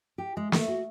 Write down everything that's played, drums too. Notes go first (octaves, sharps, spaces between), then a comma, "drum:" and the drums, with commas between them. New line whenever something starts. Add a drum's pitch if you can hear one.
G4
G#3
A3, drum: snare
F#4